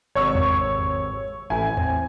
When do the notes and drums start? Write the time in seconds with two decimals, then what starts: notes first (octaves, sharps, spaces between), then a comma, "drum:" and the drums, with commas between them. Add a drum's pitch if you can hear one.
0.15 G#1 C3 C#5 C#6 E6
0.35 drum: tom E2
1.50 A1 E4 G#5
1.77 C4, drum: tom E2